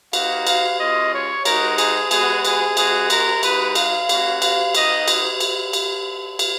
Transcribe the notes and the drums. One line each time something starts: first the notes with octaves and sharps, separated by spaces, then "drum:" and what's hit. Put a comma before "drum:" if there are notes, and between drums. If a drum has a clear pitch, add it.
A#3 D#4 F#4 F5, drum: cymbal
F5, drum: cymbal
G#3 C#4 F4 D#5
C#5
G#3 D#4 F#4 A#4, drum: cymbal
G#4, drum: cymbal
G#3 B3 F#4 G#4, drum: cymbal
G#4, drum: cymbal
G#3 C#4 F#4 G#4, drum: cymbal
A#4, drum: cymbal
G#3 D#4 F#4 B4, drum: cymbal
F5, drum: cymbal
A#3 C#4 F#4, drum: cymbal
F5, drum: cymbal
A#3 D#4 F#4 D#5, drum: cymbal
drum: cymbal
drum: cymbal
drum: cymbal
drum: cymbal